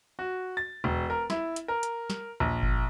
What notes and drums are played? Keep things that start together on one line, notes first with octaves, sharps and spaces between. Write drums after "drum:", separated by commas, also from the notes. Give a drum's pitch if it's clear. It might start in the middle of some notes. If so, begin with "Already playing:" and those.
F#4
A6
E1
A#4
E4, drum: snare
drum: hi-hat
A#4
drum: hi-hat
drum: snare
A#1
drum: kick G1